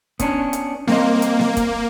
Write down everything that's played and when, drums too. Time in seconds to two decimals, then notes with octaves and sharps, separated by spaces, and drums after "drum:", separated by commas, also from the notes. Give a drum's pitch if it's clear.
0.19 B3 C#4 D4, drum: kick, hi-hat
0.53 drum: hi-hat
0.87 G3 A#3 C4 D#5, drum: snare B3
1.22 drum: hi-hat
1.39 drum: snare B3
1.57 drum: kick, hi-hat